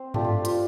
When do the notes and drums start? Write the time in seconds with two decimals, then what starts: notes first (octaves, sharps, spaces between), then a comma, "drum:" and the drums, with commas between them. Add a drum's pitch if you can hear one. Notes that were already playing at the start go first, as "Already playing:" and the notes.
Already playing: C4 C5
0.14 A3 D4 F4 G4, drum: tom G2
0.24 F4
0.45 F4, drum: hi-hat